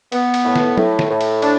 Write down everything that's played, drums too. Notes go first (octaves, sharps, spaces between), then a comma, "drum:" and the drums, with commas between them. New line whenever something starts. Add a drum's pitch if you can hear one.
B3, drum: cymbal
drum: cymbal
A2
drum: snare
A2, drum: tom
drum: snare
A2
drum: cymbal
D4, drum: cymbal